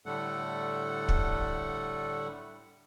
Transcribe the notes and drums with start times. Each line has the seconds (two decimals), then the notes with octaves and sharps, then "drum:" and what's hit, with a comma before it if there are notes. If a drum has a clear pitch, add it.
0.06 A2 D3 G3 A3 A4 F#5
1.09 drum: kick